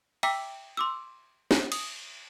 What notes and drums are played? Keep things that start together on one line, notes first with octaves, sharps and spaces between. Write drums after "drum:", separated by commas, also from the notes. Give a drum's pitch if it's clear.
E5 G5 A#5 D6 E6 B6, drum: cymbal
C6 D6 E6
drum: snare
D#6, drum: cymbal